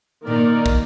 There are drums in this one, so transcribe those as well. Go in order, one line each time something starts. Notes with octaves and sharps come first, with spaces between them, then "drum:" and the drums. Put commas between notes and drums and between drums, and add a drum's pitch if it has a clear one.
A#2 D#3 A#3 D#4 A#4 D5
drum: kick